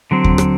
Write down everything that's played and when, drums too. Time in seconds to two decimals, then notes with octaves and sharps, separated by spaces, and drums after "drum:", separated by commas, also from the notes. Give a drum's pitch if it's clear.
0.11 D3 F#3 C4
0.24 drum: kick D#2
0.38 drum: rim click